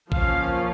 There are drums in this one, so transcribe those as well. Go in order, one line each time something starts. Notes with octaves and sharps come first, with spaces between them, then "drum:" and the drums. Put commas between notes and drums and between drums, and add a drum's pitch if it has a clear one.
F3 A#3 C#4 F5, drum: kick A#1